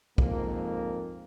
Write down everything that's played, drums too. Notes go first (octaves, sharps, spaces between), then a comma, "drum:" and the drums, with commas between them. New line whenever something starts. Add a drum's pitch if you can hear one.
F2 G#2 A#3, drum: kick